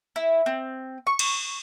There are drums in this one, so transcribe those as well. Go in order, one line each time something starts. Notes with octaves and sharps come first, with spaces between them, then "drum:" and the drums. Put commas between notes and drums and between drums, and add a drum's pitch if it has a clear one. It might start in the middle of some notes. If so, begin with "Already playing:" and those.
E4
C4
C#6
drum: cymbal